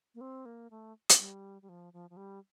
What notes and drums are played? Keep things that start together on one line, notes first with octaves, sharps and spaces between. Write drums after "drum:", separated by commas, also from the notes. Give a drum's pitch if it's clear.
A#3
C4
A#3
A3
drum: hi-hat
G3
G3
F3
F3
F3
G3